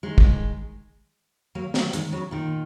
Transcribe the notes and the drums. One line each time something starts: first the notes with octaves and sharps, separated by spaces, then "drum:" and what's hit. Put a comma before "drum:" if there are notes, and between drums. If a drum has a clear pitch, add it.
D#3 G#3
drum: kick
F#3 A#3
F#3 A#3, drum: snare
D#3 G#3, drum: hi-hat
C#3 F#3
A#2 D#3